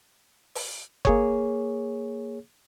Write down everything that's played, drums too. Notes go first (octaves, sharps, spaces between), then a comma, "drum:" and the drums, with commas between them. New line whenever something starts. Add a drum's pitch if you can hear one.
drum: open hi-hat
A#3 G#4 C#5, drum: kick F#1